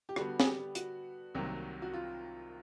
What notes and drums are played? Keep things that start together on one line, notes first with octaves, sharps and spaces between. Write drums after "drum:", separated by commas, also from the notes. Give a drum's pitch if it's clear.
G4
D3 G3 B3 F#4, drum: rim click
G#4, drum: snare
G4
F#4, drum: hi-hat
C2 C3 D#3 F#3 A#3
F#4
F4